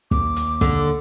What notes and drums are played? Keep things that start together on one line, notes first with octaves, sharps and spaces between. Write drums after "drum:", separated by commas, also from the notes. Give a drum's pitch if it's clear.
D#2 D6, drum: kick
drum: hi-hat
D3, drum: kick, hi-hat